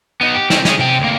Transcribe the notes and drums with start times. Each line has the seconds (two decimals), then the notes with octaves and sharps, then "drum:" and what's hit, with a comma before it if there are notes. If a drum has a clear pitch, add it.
0.21 B3 D#4
0.34 G4
0.50 C4 C#4, drum: snare
0.65 C#4 G#4, drum: snare
0.79 C3 G5
1.00 D2 A#3